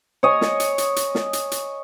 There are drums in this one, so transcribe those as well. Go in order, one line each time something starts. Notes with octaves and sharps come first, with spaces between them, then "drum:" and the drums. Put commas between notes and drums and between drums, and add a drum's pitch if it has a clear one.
C#5 D#5 G#5
drum: snare
drum: hi-hat
drum: hi-hat
drum: hi-hat
drum: snare
drum: hi-hat
drum: hi-hat